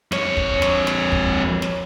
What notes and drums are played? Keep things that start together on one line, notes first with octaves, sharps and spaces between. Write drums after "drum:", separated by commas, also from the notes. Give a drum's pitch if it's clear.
F2 C#5, drum: snare
drum: kick
drum: snare
drum: snare
drum: kick
drum: snare